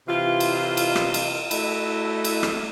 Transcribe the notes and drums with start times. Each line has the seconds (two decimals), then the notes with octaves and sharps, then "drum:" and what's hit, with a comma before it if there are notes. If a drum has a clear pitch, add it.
0.08 C3 E3 F4
0.40 drum: cymbal
0.77 drum: cymbal
0.96 drum: rim click
1.14 drum: cymbal
1.51 A3 E4 F#4 D#5, drum: cymbal
2.24 drum: cymbal
2.43 drum: rim click